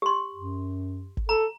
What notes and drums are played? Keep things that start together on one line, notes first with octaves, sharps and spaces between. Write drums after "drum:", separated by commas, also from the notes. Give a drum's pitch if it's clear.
G4 C6
F#2
drum: kick G1
A4 A#5